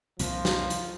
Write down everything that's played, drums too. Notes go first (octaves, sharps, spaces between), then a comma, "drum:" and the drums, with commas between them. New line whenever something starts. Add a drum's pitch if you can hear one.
C2 F2 A#2 F3, drum: hi-hat
drum: snare
drum: hi-hat